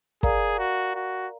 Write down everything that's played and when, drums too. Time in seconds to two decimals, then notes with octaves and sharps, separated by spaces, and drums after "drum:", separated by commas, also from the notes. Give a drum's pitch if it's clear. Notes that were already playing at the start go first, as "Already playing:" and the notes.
0.23 G#4 A#4 D5 F5 A#5, drum: kick
0.59 F#4
0.95 F#4